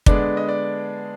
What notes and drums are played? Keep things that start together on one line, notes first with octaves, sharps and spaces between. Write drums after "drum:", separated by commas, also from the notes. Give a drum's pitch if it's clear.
D3 G#3 B3 D4 D5, drum: kick
D#5
D5